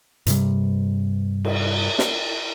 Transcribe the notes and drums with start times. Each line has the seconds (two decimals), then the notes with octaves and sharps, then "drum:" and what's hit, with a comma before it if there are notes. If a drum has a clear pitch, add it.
0.26 G2 C3 G3, drum: hi-hat
1.45 drum: cymbal
1.99 drum: snare